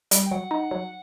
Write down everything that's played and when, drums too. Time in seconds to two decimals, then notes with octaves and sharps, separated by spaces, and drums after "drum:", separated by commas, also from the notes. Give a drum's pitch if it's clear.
0.11 G3, drum: hi-hat
0.26 G5
0.31 F#3 F#5
0.51 D#4
0.71 F#3